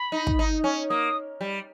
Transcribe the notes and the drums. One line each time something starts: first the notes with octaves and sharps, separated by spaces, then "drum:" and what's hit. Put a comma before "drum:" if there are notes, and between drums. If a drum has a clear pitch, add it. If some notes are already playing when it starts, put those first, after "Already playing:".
Already playing: B5
D#4
drum: kick
D#4
C#4
A#3 D#6
G3